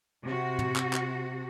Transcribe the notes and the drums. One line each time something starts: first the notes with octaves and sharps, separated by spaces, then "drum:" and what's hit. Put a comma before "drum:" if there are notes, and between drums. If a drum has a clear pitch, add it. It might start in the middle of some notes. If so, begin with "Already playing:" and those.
C3 F#4
drum: tom
drum: clap
drum: clap